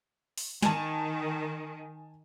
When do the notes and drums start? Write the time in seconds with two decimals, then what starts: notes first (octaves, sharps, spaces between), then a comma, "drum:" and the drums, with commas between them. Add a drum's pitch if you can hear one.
0.38 drum: open hi-hat
0.62 D#3 G#5 A5, drum: snare